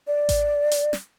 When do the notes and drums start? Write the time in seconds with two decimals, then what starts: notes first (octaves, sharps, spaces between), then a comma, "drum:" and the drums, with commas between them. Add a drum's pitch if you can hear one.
0.07 D5
0.29 drum: kick A1, hi-hat
0.71 drum: hi-hat
0.93 drum: snare